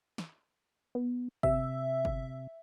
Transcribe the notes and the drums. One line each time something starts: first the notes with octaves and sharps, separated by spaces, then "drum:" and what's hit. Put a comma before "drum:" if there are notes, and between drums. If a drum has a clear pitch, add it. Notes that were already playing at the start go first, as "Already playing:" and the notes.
drum: snare
B3
C3 E5, drum: kick G1
drum: kick G1